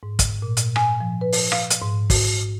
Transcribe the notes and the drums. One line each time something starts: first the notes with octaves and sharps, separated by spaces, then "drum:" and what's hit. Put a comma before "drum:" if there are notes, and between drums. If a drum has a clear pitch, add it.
G#2
drum: kick, hi-hat
A#2
drum: hi-hat
G#5, drum: rim click
F3
B4
drum: open hi-hat
F5, drum: rim click
drum: hi-hat
G#2
F#4, drum: kick, open hi-hat